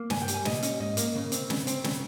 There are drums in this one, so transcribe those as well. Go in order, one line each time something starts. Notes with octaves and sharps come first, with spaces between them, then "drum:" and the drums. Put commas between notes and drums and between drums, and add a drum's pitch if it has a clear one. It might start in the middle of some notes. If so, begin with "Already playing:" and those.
Already playing: A#3
G2 G#5, drum: snare
G5
G3, drum: hi-hat
G#5
A#2 D#5, drum: snare
C#4 D#5, drum: hi-hat
G#2 D#5
A#3, drum: hi-hat
C#3
C4, drum: hi-hat
C#3, drum: snare
C4, drum: hi-hat
C#3, drum: snare